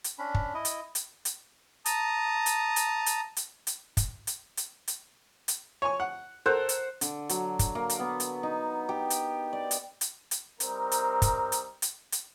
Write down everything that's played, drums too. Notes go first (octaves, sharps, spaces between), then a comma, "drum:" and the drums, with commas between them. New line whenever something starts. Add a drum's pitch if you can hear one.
drum: hi-hat
C#4 D4 B5
drum: kick
E4 D#5
drum: hi-hat
drum: hi-hat
drum: hi-hat
A5 A#5 D#6, drum: hi-hat
drum: hi-hat
drum: hi-hat
drum: hi-hat
drum: hi-hat
drum: hi-hat
drum: kick, hi-hat
drum: hi-hat
drum: hi-hat
drum: hi-hat
drum: hi-hat
C#5 G#5 C#6
F#5
A4 A#4 C5 F#5
drum: hi-hat
D3, drum: hi-hat
F#3, drum: hi-hat
drum: kick, hi-hat
A#3
drum: hi-hat
B3
drum: hi-hat
D#4
G4
drum: hi-hat
D5
drum: hi-hat
drum: hi-hat
drum: hi-hat
G3 C4 D#4 A#4, drum: hi-hat
drum: hi-hat
drum: kick, hi-hat
drum: hi-hat
drum: hi-hat
drum: hi-hat